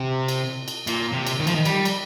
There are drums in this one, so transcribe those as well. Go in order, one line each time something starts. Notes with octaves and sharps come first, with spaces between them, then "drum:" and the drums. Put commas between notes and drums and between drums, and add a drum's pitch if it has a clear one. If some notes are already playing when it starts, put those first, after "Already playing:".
Already playing: C3
drum: cymbal
drum: cymbal
A#2, drum: cymbal
C3
drum: cymbal
D#3
F3, drum: cymbal
D#3
G3, drum: cymbal
drum: cymbal